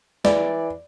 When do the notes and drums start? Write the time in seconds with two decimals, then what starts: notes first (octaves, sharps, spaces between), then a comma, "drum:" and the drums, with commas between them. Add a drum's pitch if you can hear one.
0.25 E3 D5, drum: snare